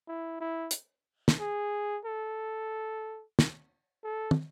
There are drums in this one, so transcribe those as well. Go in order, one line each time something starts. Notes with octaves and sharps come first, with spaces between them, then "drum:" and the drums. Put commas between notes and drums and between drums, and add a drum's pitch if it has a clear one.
E4
E4
drum: hi-hat
drum: snare
G#4
A4
drum: snare
A4
drum: tom